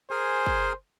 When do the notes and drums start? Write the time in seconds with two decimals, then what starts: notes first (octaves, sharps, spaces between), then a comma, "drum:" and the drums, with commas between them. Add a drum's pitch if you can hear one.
0.11 G#4 A#4 C5 G#5
0.46 drum: kick